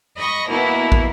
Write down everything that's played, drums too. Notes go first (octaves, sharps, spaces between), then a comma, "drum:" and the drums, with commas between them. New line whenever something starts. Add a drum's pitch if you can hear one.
D#5 B5 C#6 A#6
B2 A#3 B3 E4
drum: kick